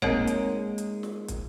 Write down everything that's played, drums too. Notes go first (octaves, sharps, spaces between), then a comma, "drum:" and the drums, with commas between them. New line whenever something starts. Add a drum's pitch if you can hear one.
G#3 A#3 C4 D#4 C#5 F#5, drum: kick
drum: hi-hat
drum: hi-hat
drum: snare
drum: kick, hi-hat